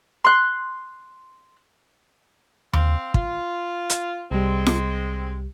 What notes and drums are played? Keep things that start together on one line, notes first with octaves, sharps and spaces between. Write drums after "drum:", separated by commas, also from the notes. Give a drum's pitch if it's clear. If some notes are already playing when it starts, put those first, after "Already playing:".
C6 F#6
C4 F5, drum: tom D#2
F4, drum: kick
drum: hi-hat
C2 G3 G#3 C4
drum: snare